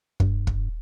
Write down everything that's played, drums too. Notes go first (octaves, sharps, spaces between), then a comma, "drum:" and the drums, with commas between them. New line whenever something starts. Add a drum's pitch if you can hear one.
G2, drum: kick
drum: kick